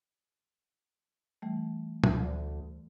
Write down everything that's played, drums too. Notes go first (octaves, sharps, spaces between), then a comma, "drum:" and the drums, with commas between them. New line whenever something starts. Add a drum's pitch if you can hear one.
E3 G3 A3
D2, drum: tom